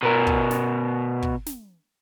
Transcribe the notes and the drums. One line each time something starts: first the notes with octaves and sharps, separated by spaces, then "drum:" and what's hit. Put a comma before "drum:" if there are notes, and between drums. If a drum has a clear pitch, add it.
B2 A#4
drum: kick
drum: snare
drum: kick
drum: snare